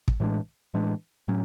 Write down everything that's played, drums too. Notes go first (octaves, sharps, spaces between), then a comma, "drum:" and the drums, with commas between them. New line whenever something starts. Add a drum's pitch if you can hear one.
drum: kick
A2 E3 G#3 D4
A2 E3 G#3 D4
A2 F#3 C#4